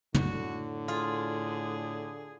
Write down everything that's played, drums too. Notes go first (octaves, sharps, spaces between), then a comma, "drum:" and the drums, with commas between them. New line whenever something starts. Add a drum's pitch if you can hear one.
A2 D3 F#4, drum: tom
F4 G#4